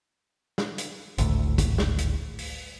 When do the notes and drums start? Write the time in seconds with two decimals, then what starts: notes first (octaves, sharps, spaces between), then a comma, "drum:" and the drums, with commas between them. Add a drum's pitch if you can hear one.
0.58 drum: snare
0.78 drum: hi-hat
1.18 G#1 D2 A2, drum: hi-hat
1.58 drum: kick, hi-hat
1.78 drum: snare
1.98 drum: hi-hat
2.39 drum: open hi-hat